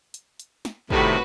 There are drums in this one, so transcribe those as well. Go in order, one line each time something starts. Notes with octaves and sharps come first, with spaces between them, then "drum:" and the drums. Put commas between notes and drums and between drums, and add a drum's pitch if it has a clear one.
drum: hi-hat
drum: hi-hat
drum: snare
A2 C3 D#3 G3 F#4 B4, drum: kick